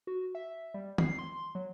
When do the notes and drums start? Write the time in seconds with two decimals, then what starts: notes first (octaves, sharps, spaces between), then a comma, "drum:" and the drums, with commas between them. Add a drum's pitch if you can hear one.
0.07 F#4
0.35 E5
0.74 G3
0.98 C7, drum: tom D#3
1.19 C6
1.55 F#3